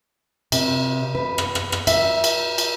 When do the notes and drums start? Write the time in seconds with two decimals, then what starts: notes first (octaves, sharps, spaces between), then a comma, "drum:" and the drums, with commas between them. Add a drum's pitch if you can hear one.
0.52 C3, drum: cymbal
1.15 B4
1.38 drum: rim click
1.55 drum: rim click
1.72 drum: rim click
1.87 E5, drum: cymbal
2.24 drum: cymbal
2.58 drum: cymbal